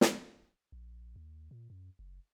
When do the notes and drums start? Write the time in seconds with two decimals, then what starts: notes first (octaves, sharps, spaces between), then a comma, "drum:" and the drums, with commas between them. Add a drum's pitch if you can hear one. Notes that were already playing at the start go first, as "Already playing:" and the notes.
0.01 drum: snare
0.72 A#1
1.16 D#2
1.51 A#2
1.70 F#2
1.99 F#1